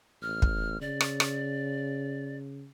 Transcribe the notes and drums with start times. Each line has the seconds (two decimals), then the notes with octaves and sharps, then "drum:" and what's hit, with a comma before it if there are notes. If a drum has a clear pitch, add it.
0.22 A1 F6
0.42 drum: kick
0.81 C#3 D5
1.01 drum: rim click
1.20 drum: rim click